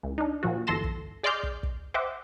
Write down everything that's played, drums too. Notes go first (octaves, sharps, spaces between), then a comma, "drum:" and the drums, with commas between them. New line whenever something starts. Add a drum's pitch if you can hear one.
C#2
D4 D#4
A#2 F3 F#4
G1 E3 A4 C6 A#6 E7
drum: kick
G#4 D5 D#5 C6 F6 G6
drum: kick
drum: kick
C5 D#5 E5 F#5 G5 D6